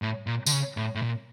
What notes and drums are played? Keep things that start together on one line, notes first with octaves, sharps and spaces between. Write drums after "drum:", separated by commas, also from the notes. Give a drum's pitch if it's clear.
A2
A#2
D3, drum: tambourine
C#3
A2
A2
A#2